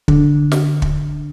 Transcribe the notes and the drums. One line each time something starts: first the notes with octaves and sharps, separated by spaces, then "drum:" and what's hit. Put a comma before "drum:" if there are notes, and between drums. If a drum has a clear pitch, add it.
D3, drum: kick
drum: snare
drum: kick